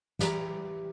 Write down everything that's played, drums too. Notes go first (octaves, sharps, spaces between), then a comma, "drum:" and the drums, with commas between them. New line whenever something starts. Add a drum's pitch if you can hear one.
E3 G4 A#5, drum: snare